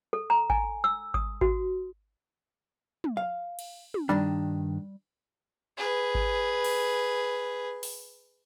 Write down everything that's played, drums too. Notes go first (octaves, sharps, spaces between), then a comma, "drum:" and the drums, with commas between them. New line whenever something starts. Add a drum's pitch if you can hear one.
A4
A#5
G#5, drum: kick G#1
E6
D#6, drum: kick G#1
F#4, drum: kick G#1
drum: tom
F5
drum: cymbal
drum: tom
G2 D#3 G3 D4
G#4 B4
drum: kick G#1
drum: cymbal
drum: open hi-hat